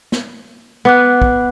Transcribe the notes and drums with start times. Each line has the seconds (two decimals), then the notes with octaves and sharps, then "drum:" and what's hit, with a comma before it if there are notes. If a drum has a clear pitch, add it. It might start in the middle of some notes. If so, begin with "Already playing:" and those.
0.12 drum: snare
0.85 B3 F#5 D6 F#6
1.22 drum: kick